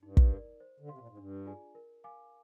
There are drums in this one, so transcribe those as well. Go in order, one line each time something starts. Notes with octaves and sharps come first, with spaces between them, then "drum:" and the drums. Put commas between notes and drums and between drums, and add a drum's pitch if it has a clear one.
G2 D#4
drum: kick
A#4 D5
C5
D3
C3 F5 C6
A#2
G#2
G2 D4
F4 G#4 D5 G#5
A#4
F5 G#5 D6